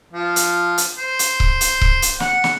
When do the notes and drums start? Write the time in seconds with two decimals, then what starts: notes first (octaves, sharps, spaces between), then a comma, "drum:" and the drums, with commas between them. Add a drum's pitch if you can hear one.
0.13 F3
0.36 drum: hi-hat
0.78 drum: hi-hat
0.98 C5
1.19 drum: hi-hat
1.40 drum: kick C#1
1.61 drum: hi-hat
1.81 drum: kick C#1
2.02 drum: hi-hat
2.20 F#5, drum: snare
2.44 drum: snare